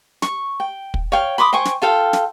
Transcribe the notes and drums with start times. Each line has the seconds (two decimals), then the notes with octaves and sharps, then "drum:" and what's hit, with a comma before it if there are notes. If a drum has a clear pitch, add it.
0.22 C#6, drum: snare
0.60 G5
0.94 drum: kick
1.12 C#5 F5 G5
1.38 B5 C6 D6 D#6
1.53 C5 G5 G#5 C#6
1.65 drum: snare
1.82 F4 A4 F5 G5
2.13 drum: snare